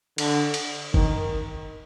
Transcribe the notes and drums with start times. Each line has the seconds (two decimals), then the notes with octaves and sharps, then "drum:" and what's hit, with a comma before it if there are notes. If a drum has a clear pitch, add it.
0.18 D3, drum: cymbal
0.54 drum: cymbal
0.94 D#3, drum: kick G1